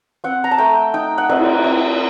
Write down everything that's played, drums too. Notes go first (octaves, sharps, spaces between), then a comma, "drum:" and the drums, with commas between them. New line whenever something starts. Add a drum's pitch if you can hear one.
C4 F#5
A#5
A5
A3 G5
D#4 G5
F#5
C4, drum: cymbal
C4